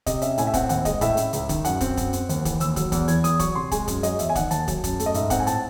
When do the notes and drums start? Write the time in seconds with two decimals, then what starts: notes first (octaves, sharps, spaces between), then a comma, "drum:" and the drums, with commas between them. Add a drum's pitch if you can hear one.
0.06 C3 D#5, drum: kick, hi-hat
0.22 C#4 E5, drum: hi-hat
0.38 A2 G#5, drum: hi-hat
0.47 E5
0.54 C4 F#5, drum: kick, hi-hat
0.69 D#2 F#5, drum: hi-hat
0.85 G#3 D#5, drum: kick, hi-hat
1.01 A2 E5, drum: kick, hi-hat
1.17 C#4, drum: hi-hat
1.33 C#2, drum: hi-hat
1.49 D#3, drum: kick, hi-hat
1.65 F#2 F#5, drum: hi-hat
1.80 C4, drum: kick, hi-hat
1.97 F#2, drum: kick, hi-hat
2.13 C4, drum: hi-hat
2.29 D#2, drum: hi-hat
2.45 E3, drum: kick, hi-hat
2.60 D#2 E6, drum: hi-hat
2.76 F#3 E6, drum: kick, hi-hat
2.92 E2, drum: kick, hi-hat
3.08 E3 G#6, drum: hi-hat
3.24 E2 D#6, drum: hi-hat
3.39 F#3 C#6, drum: kick, hi-hat
3.55 C3 C6
3.71 G#3 G#5, drum: kick, hi-hat
3.88 F#2, drum: kick, hi-hat
4.03 F#3 D#5, drum: hi-hat
4.19 E2 E5, drum: hi-hat
4.30 G#5
4.35 D#3 F#5, drum: kick, hi-hat
4.51 D#2 A5, drum: hi-hat
4.68 F#3, drum: kick, hi-hat
4.84 F#2, drum: kick, hi-hat
5.00 A3, drum: hi-hat
5.06 D#5
5.14 G#2 E5, drum: hi-hat
5.30 C4 F#5, drum: kick, hi-hat
5.40 G#5
5.47 A2 A5, drum: hi-hat